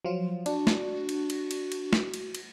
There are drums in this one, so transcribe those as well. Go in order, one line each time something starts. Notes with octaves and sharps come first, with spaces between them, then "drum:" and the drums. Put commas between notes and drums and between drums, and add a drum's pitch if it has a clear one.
F3 F#3 F4
D4 F#4, drum: cymbal
drum: snare
drum: cymbal
drum: cymbal
drum: cymbal
drum: cymbal
drum: snare
drum: cymbal
drum: cymbal